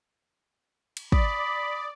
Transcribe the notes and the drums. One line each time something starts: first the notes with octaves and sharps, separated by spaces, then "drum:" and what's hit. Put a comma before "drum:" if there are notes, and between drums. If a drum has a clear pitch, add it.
drum: cymbal
D5 B5 D#6, drum: kick